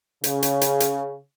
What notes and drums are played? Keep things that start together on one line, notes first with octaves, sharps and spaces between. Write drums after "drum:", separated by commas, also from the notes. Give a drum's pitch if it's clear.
C#3, drum: hi-hat
drum: hi-hat
drum: hi-hat
drum: hi-hat